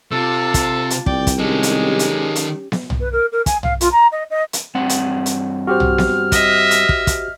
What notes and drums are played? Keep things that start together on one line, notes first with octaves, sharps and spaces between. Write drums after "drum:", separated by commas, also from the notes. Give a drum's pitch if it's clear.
C3 F4 A4 A5
drum: kick, hi-hat
drum: hi-hat
C2 D5 G5, drum: kick
drum: kick, hi-hat
D#3 G#3 C#4 G4 A4
drum: hi-hat
drum: hi-hat
drum: hi-hat
drum: snare B3
drum: tom
B4
A#4
A#4
G#5, drum: kick, hi-hat
F5, drum: tom
F4, drum: hi-hat
A#5
D#5
D#5
drum: hi-hat
G2 C4 F#5
drum: hi-hat
drum: hi-hat
F#4 G4 C5 F6
drum: tom
drum: snare B3
D#5 E5, drum: kick, hi-hat
drum: hi-hat
drum: kick
drum: kick, hi-hat